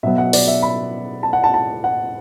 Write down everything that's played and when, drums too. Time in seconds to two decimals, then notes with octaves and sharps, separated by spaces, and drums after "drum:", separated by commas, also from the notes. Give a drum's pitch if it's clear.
0.03 B2 F#3 B3 E5
0.18 F#5
0.33 D5, drum: open hi-hat
0.48 E5
0.62 B5
1.23 A5
1.33 F#5
1.44 A5
1.54 A5
1.84 F#5